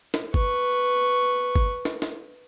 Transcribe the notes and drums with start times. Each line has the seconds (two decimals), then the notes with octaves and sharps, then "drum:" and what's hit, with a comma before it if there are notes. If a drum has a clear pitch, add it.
0.14 drum: snare
0.34 B4 C#6, drum: kick G1
1.56 drum: kick G1
1.85 drum: snare
2.02 drum: snare